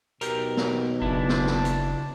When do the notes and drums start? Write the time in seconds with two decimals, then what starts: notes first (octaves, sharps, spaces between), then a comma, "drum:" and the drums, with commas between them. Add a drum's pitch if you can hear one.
0.21 B1 B2 G4 A#4, drum: hi-hat
0.57 drum: snare
1.02 F#1 C#3 D4 E4 A5
1.29 drum: snare
1.47 drum: snare
1.65 drum: hi-hat